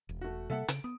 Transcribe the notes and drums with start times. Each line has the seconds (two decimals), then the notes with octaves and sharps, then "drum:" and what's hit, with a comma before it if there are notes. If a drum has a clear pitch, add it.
0.09 E1
0.21 A3 F#4
0.50 C3 G3 A#3 A4 E5 F#5
0.68 C#3 D7, drum: hi-hat
0.84 B3 D#6